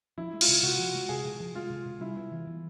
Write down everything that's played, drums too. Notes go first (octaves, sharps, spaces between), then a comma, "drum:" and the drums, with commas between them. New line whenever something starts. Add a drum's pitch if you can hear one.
F3 E4
G#3
F4, drum: cymbal
C3
C3 F#4
F3
G#3
C3 G#4
C3
F3
G#3 F4
C3
C3
G3 E4
B3
E3
E3